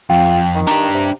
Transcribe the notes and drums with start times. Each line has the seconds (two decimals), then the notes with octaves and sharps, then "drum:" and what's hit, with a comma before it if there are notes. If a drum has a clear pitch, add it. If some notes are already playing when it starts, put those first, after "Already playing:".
0.10 F2 F4 G5
0.25 drum: hi-hat
0.46 drum: open hi-hat
0.55 D#3
0.67 D4 G4 A#5, drum: snare
0.94 C3